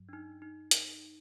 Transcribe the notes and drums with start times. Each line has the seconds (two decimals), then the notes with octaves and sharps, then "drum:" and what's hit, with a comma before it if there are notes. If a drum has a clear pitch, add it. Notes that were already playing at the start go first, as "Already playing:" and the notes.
Already playing: G2 F#3
0.09 D4
0.13 D#4
0.42 D#4
0.71 drum: hi-hat